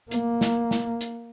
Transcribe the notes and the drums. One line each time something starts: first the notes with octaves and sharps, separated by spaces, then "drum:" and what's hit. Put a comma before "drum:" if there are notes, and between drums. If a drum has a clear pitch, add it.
A#3, drum: hi-hat
drum: snare
drum: snare
drum: hi-hat